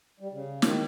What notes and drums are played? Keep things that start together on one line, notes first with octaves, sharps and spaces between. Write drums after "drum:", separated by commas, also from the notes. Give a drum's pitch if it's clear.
G3
C#3
D#3, drum: snare